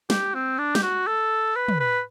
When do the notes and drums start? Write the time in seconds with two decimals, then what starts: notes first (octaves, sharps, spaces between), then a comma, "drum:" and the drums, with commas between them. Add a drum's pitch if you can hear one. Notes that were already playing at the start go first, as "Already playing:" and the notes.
0.10 G4, drum: snare
0.34 C4
0.58 D4
0.75 G4, drum: snare
0.82 F#4
1.07 A4
1.56 B4
1.68 drum: tom
1.80 B4